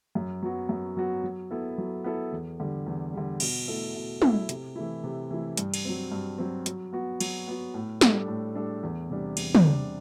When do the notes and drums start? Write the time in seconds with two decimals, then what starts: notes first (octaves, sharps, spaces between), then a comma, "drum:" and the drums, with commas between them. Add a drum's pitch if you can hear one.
0.15 F#2
0.43 F#3 B3 F#4
0.69 F#2
0.97 F#3 B3 F#4
1.24 F#3
1.51 B3 E4 A4
1.78 F#3
2.04 B3 E4 A4
2.32 E2
2.60 D3 G3
2.87 E2
3.13 D3 G3
3.40 B2, drum: cymbal
3.68 A3 E4 A4
3.95 B2
4.22 A3 E4 A4, drum: tom
4.49 C3, drum: hi-hat
4.76 E3 A3 E4
5.04 C3
5.30 E3 A3 E4
5.57 G2, drum: hi-hat
5.74 drum: cymbal
5.85 F#3 C4
6.12 G2
6.38 F#3 C4
6.66 F#3, drum: hi-hat
6.93 B3 F#4
7.20 F#3, drum: cymbal
7.48 B3 F#4
7.74 A2
8.01 G3 D4 A4, drum: snare
8.28 A2
8.55 G3 D4 A4
8.83 E2
9.10 C3 G3 D4
9.37 E2, drum: cymbal
9.55 drum: tom
9.64 C3 G3 D4